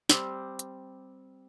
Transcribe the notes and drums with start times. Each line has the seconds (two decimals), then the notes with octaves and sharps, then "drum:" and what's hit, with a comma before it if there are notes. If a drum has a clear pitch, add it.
0.09 G3 C4 G4, drum: snare
0.59 drum: hi-hat